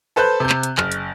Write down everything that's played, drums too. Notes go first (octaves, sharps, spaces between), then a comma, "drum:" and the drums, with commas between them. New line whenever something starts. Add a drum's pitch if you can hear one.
A4 B4 C5 A5 F#6 G6
C3 G6
drum: clap
drum: hi-hat
F#1 F6, drum: clap
drum: hi-hat